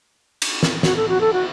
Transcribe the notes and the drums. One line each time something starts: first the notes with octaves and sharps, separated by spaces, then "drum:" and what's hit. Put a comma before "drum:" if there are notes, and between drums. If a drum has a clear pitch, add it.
drum: cymbal
drum: snare
F#4, drum: snare
A4
F#4
A4
F#4